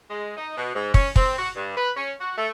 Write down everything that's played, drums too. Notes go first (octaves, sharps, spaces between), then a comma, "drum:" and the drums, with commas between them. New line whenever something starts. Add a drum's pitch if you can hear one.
G#3
D#4
B2
G#2
C#4, drum: kick
C4, drum: kick
F#4
G2
B4
C#4
F#4
A3